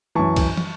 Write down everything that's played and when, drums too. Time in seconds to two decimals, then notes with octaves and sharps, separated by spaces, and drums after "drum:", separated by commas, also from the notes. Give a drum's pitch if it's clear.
0.15 F#2 E3 A5 C#6
0.36 drum: kick, cymbal
0.57 drum: tom